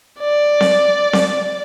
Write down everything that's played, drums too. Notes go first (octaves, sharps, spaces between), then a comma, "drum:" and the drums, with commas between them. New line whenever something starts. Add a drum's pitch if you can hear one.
D5
drum: snare C4
drum: snare C4